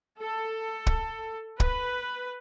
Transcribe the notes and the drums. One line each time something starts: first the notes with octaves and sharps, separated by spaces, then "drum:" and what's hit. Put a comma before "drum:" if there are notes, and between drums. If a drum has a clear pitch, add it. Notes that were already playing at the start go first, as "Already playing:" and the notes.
A4
drum: kick
B4, drum: kick